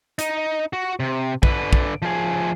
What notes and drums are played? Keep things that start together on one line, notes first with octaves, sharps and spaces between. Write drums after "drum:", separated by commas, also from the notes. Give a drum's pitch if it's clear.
D#4, drum: hi-hat
F#4
C3
D3 B4, drum: kick
drum: kick
F3 G#4